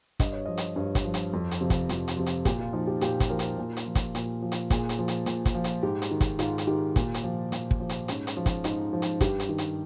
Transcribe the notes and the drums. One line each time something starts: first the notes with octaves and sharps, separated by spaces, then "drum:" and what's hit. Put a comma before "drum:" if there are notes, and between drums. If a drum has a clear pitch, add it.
G2 D#5, drum: kick, hi-hat
C#5
F3 D#5
drum: hi-hat
G2 C#5
drum: kick, hi-hat
F3
drum: hi-hat
F2
drum: hi-hat
C3 F3
drum: kick, hi-hat
F2, drum: hi-hat
drum: hi-hat
C3 F3
drum: hi-hat
A#2 G4, drum: kick, hi-hat
F4
F3 D#4
G4
A#2 G4, drum: hi-hat
drum: kick, hi-hat
F3 A#4
drum: hi-hat
A#2
drum: hi-hat
F3
drum: kick, hi-hat
A#2, drum: hi-hat
F3
drum: hi-hat
A#2 G#4, drum: kick, hi-hat
drum: hi-hat
F3
drum: hi-hat
A#2, drum: hi-hat
drum: kick, hi-hat
F3
drum: hi-hat
G#2 G4
drum: hi-hat
D#3
drum: kick, hi-hat
G#2 F4, drum: hi-hat
drum: hi-hat
D#3 G4
A#2, drum: kick, hi-hat
drum: hi-hat
F3
A#2, drum: hi-hat
drum: kick
F3
drum: hi-hat
G#2 C#4, drum: hi-hat
drum: hi-hat
F3
drum: kick, hi-hat
G#2 D#4, drum: hi-hat
F3
drum: hi-hat
G2 G4, drum: kick, hi-hat
drum: hi-hat
D#3
drum: hi-hat